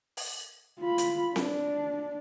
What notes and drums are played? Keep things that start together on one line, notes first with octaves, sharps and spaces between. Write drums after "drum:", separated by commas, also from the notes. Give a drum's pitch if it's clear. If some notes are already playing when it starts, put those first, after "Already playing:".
drum: open hi-hat
F4 B5
drum: hi-hat
D4, drum: snare C4